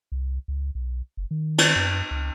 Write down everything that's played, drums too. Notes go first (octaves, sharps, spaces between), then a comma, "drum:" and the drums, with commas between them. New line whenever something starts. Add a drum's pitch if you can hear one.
C2
C#2
B1
F#1
D#3
drum: cymbal
F#2
C#2